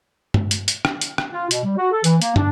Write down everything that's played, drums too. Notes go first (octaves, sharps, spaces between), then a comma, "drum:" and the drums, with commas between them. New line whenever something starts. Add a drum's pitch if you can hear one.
drum: tom G2
drum: hi-hat
drum: hi-hat
drum: rim click
drum: hi-hat
drum: rim click
F4
B2, drum: hi-hat
G3
F#4
A4
E3, drum: hi-hat
A#3, drum: hi-hat
D4, drum: tom